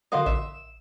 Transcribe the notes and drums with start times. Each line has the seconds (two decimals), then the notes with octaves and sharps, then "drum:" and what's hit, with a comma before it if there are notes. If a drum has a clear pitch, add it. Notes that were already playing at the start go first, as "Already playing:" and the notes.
0.12 D3 A#3 F#4 F5 C6 D#6
0.26 E5 E7, drum: kick A1